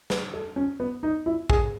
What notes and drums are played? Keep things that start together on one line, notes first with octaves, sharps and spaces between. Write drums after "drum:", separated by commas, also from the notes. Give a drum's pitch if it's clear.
B4, drum: snare
A4
C#4
B3
D#4
E4
G#4, drum: kick